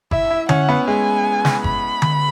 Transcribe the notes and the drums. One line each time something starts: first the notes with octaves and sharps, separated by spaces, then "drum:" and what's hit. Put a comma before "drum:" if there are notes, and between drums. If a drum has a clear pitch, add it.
E4 E5, drum: kick G1
E4
C#4 F#5, drum: tom D3
B3
G#3 G#5
drum: snare
B5, drum: kick G1
drum: tom D3